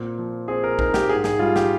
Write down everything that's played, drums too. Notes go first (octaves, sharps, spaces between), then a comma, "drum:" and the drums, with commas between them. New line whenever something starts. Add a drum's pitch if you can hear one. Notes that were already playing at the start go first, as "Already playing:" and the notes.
Already playing: A#2 C4
F3
C4 G#4
A#4
D#4 A#4, drum: kick
G4, drum: snare
G#2 G#4
G#4, drum: snare
G3 F4
G4, drum: snare